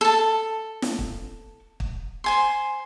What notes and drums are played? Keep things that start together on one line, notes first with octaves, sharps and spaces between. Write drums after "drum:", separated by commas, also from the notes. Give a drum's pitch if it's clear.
A4 A5
drum: snare
drum: kick
drum: kick
C5 G#5 C6